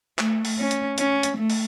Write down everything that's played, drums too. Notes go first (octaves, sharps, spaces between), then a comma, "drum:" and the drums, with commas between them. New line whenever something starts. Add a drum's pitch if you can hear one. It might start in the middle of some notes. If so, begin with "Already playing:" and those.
A3, drum: clap
drum: open hi-hat
C#4
drum: hi-hat
C#4, drum: hi-hat
drum: hi-hat
A3
drum: open hi-hat